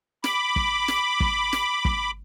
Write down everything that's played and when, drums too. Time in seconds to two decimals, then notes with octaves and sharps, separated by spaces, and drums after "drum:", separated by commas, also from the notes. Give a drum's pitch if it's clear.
0.24 B5 D6, drum: snare
0.56 drum: kick
0.88 drum: snare
1.20 drum: kick
1.53 drum: snare
1.85 drum: kick